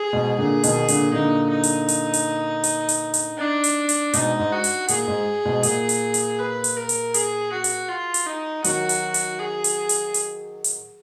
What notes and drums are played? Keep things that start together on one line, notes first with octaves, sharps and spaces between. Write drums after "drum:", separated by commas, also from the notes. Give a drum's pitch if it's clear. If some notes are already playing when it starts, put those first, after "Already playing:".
Already playing: G#4
G#2 B2
A#2 D3 G#4
B2 D#3, drum: hi-hat
A#2 D3, drum: hi-hat
A#2 D3 D#4
D#4
drum: hi-hat
drum: hi-hat
drum: hi-hat
drum: hi-hat
drum: hi-hat
drum: hi-hat
D4
drum: hi-hat
drum: hi-hat
G#2 B2 D#4, drum: hi-hat
G#2
F#4
drum: hi-hat
A#2 G#4, drum: hi-hat
G#2
G#2 B2
A#2 G#4, drum: hi-hat
drum: hi-hat
drum: hi-hat
B4
drum: hi-hat
A#4
drum: hi-hat
G#4, drum: hi-hat
F#4
drum: hi-hat
F4
drum: hi-hat
D#4
D#3 F#3 F#4, drum: hi-hat
drum: hi-hat
drum: hi-hat
G#4
drum: hi-hat
drum: hi-hat
drum: hi-hat
drum: hi-hat